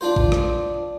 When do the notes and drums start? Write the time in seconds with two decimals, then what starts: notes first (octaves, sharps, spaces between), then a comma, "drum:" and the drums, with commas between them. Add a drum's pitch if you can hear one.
0.01 D4 F4 C5
0.16 drum: kick
0.32 drum: rim click